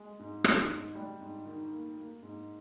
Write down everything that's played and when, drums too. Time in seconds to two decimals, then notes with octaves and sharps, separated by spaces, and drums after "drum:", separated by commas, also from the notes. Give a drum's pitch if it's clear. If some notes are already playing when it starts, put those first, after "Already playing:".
Already playing: G#3
0.19 G#2
0.44 D#3, drum: rim click
0.70 G#2
0.95 G3
1.21 G#2
1.46 D#3
1.72 A#3
1.97 A#3
2.23 G#2